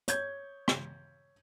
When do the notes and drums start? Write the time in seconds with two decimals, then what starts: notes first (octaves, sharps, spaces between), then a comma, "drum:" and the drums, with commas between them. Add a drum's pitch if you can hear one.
0.08 C#5 G6 G#6, drum: hi-hat
0.68 drum: rim click